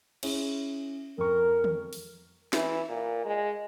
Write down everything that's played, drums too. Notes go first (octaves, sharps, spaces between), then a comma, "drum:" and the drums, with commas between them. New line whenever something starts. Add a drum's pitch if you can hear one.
C#4 E4 G#4, drum: cymbal
F2 A#4 C#6
drum: tom
drum: open hi-hat
E3, drum: snare
A#2
G#3